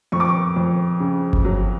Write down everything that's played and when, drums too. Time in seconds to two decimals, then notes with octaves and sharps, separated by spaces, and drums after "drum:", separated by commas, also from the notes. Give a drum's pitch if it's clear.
0.12 F2 C#6
0.20 D6
0.29 C#6
0.56 F2
1.00 C#3
1.33 drum: kick G1
1.45 F#3